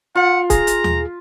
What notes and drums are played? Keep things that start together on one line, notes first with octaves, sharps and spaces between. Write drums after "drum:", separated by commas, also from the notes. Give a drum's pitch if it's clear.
F4 F#5
G#4 A#5, drum: kick C#1, hi-hat
drum: hi-hat
drum: tom D#2